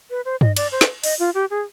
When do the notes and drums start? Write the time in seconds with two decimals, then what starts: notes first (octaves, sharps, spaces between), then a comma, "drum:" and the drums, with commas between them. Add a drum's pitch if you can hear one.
0.10 B4
0.25 C5
0.41 D#5, drum: tom G2
0.57 D5, drum: cymbal
0.72 C5
0.81 drum: snare
1.04 D#5, drum: open hi-hat
1.19 F4
1.34 G4
1.50 G#4